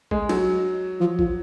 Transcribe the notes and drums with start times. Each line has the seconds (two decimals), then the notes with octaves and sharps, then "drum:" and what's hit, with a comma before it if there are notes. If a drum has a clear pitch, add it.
0.11 G#3, drum: kick A1
0.29 F#3, drum: cymbal
1.00 F3
1.19 F3, drum: kick A1